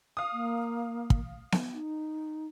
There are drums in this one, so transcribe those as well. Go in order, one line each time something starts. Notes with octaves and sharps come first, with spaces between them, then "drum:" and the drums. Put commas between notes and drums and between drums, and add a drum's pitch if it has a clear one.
F5 D#6
A#3
drum: kick
drum: snare B3
D#4